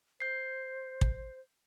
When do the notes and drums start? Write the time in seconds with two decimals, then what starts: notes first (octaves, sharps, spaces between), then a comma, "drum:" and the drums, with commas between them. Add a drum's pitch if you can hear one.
0.20 C5 G6 C7
1.01 drum: kick